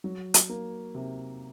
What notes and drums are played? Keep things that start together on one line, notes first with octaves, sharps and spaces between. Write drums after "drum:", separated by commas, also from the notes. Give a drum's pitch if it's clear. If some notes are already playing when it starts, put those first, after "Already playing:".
F#3
drum: hi-hat
A#3
C3